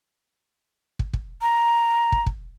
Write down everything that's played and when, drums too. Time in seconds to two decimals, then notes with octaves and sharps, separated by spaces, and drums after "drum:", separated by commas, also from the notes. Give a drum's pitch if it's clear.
0.99 drum: kick
1.13 drum: kick
1.42 A#5
2.12 drum: kick
2.26 drum: kick